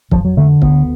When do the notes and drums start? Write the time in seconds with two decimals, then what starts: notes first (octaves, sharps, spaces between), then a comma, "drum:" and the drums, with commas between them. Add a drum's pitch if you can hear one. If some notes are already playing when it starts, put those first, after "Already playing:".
0.11 F2 F3, drum: kick C#1
0.25 F#3
0.37 D3 A3
0.62 D2 B3, drum: kick C#1